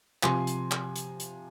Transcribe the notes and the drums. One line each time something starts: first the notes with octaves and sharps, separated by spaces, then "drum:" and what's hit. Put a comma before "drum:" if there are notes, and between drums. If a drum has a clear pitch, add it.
C3 F3 G#5 C6, drum: clap
drum: hi-hat
drum: clap
drum: hi-hat
drum: hi-hat